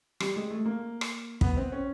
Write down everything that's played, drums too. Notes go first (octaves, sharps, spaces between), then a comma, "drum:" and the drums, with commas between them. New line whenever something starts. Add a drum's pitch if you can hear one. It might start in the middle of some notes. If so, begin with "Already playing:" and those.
G3, drum: rim click
G#3
A3
A#3
drum: rim click
B3, drum: kick
C4
C#4